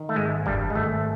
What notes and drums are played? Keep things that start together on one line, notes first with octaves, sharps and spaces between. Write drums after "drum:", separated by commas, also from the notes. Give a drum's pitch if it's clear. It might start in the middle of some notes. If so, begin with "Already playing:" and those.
Already playing: D#3
A3
G#1 G#3
G2 G3, drum: kick F#1
G#3
G#1 A3